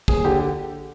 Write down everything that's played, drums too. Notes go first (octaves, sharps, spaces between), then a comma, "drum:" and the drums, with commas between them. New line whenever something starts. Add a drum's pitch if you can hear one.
D#2 G#4, drum: kick
D3 G4
G4